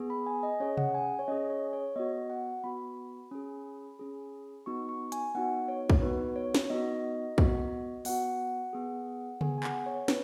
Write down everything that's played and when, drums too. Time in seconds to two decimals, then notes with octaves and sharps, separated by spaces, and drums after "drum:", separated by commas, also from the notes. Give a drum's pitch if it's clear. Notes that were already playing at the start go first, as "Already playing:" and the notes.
Already playing: B3 G#4
0.10 B5
0.27 G#5
0.43 D#5
0.60 C#4 G#4 C#5
0.77 F#5, drum: tom C3
0.94 G#5
1.19 C#5
1.28 C#4 G#4 D#5
1.50 C#5
1.73 C#5
1.96 B3 F#4 D#5
2.30 F#5
2.64 B3 F#4 B5
3.31 C#4 G#4
3.99 C#4 G#4
4.66 B3 D#4 F#4 C#6
4.89 C#6
5.12 G#5, drum: hi-hat
5.35 B3 D#4 F#4 F#5
5.68 C#5
5.90 drum: kick
6.02 B3 D#4 F#4 B4
6.36 C#5
6.55 drum: snare
6.70 B3 D#4 F#4 D#5
7.38 B3 F#4, drum: kick
8.05 B3 F#4 F#5, drum: open hi-hat
8.73 B3 G#4
9.41 B3 G#4 G#5, drum: tom C#3
9.58 G#5
9.64 F#5, drum: clap
9.86 C#5
10.08 B3 D#4 B4, drum: snare